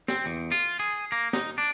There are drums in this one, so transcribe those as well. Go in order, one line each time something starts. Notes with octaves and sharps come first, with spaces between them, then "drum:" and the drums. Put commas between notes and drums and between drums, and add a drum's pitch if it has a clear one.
C4, drum: snare
E2
F4, drum: rim click
G#4
A#3
D#4, drum: snare
D4